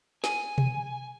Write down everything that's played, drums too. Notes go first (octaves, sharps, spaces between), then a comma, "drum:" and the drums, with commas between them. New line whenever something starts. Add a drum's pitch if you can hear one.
G#5, drum: snare
drum: tom B2